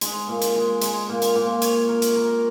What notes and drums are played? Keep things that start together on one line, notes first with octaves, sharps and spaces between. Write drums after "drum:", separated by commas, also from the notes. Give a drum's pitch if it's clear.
G#3, drum: hi-hat
A#2
drum: hi-hat
G#3
G#3, drum: hi-hat
A#2
drum: hi-hat
A#2
C#5, drum: hi-hat
A#4
drum: hi-hat
A#4